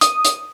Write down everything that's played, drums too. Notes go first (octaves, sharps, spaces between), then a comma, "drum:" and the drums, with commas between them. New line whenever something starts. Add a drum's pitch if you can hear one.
D#6, drum: hi-hat
drum: hi-hat